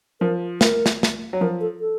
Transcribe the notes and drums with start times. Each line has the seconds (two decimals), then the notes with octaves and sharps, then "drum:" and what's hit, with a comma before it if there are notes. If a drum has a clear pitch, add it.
0.21 F3 A#4
0.61 A#4, drum: snare
0.86 drum: snare
1.03 drum: snare
1.33 F#3
1.41 F3 A#4
1.61 A4
1.80 A4